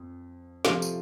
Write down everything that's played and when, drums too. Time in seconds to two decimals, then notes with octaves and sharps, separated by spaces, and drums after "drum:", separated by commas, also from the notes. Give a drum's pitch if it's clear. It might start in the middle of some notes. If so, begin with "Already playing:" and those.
Already playing: F2
0.65 C3 F3 A3 F4 F5, drum: snare
0.82 drum: tambourine